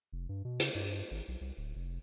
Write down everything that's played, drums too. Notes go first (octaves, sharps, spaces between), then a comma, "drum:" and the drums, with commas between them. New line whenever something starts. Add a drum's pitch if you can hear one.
F1
G2
B2
C#3, drum: hi-hat
G2
G#1
B1
C2
D1
F1